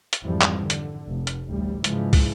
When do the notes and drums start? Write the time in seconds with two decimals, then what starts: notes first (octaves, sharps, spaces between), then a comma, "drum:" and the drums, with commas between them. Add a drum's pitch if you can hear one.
0.13 drum: hi-hat
0.24 G#1 F2 E3 F3 G3
0.41 drum: clap
0.61 D3
0.70 drum: hi-hat
1.07 F1
1.27 drum: hi-hat
1.48 A1 D2 G3
1.84 G#2 C#3 E3 F3 G#3, drum: hi-hat
2.13 drum: kick, open hi-hat